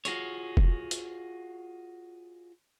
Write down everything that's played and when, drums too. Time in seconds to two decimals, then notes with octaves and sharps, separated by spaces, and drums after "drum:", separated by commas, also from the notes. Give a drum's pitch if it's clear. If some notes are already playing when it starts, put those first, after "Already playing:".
0.05 F4 F#4 G#4 C#5, drum: hi-hat
0.57 drum: kick F1
0.91 drum: hi-hat